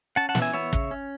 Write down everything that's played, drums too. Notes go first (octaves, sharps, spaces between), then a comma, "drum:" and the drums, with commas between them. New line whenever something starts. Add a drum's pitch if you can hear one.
C#4 F#5 A5
F#5 A5
E3, drum: snare
E5 G#5
B3 C#5 E5
C#3, drum: kick
C#4